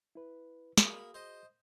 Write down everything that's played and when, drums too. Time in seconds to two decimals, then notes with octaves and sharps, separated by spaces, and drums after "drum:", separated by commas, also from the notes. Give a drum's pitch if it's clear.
0.15 E4 B4
0.78 A#3 F#4 G#4 B5 D#6, drum: snare
1.14 C5 D#5